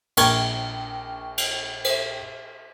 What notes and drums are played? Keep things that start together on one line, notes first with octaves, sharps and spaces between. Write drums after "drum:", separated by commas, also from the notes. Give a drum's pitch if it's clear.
A#1 A#4 G5 C#6 G#6, drum: cymbal
drum: cymbal
drum: cymbal